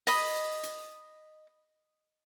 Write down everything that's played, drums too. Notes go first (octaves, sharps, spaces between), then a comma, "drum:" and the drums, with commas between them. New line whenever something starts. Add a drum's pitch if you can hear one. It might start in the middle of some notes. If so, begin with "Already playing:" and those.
D#5 B5 D#6, drum: open hi-hat
drum: hi-hat